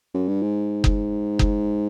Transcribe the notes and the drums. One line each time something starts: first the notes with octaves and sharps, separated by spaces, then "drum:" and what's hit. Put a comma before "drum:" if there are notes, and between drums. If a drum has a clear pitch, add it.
F#2
G2
G#2
drum: kick F#1
drum: kick F#1